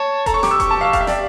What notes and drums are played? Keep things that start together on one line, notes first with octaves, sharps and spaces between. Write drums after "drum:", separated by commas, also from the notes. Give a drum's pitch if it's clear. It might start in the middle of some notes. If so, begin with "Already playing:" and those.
Already playing: C#5 A5
A4 A#5, drum: kick E1, hi-hat
C#6
G4 D6, drum: snare
E6
C#6, drum: kick E1, hi-hat
A5
F5
F5, drum: kick E1, hi-hat
E5
D5, drum: snare